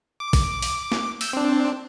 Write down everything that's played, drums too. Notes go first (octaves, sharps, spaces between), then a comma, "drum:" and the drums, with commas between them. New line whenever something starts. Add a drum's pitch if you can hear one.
D6
drum: kick, open hi-hat
drum: open hi-hat
drum: snare
E6 G6, drum: open hi-hat
C4 D4